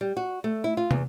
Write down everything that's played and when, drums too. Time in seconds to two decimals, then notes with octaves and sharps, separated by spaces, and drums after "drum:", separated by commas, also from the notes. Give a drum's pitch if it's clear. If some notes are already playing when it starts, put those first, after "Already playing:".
0.01 G3
0.17 F#4
0.44 A3
0.64 E4
0.77 F4
0.91 E2, drum: tom